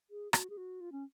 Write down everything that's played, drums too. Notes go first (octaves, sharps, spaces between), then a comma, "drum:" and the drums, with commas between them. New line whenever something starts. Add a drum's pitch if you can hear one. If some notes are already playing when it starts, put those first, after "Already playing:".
G#4
F#4, drum: rim click
G#4
F#4
F4
C#4